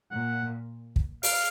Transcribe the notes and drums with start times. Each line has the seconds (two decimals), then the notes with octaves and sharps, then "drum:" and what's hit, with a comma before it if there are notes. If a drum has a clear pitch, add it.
0.11 A#2 F#5
0.96 drum: kick
1.23 F5, drum: open hi-hat